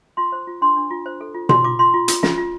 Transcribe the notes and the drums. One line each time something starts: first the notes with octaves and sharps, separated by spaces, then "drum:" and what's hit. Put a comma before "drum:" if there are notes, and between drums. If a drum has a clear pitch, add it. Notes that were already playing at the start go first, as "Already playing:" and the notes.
F4 C6
C5
F4
D4 C6
D4
F4
C5
A4
F4
F4 C6, drum: tom B2
F4 D6
F4 C6
F4
F4, drum: hi-hat
F4, drum: snare
F4